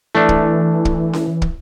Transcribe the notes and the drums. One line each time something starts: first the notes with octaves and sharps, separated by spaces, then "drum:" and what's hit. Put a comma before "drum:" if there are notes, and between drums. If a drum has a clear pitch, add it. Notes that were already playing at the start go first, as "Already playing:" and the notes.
E3 A3 D4
drum: kick
drum: kick
drum: snare C#4
drum: kick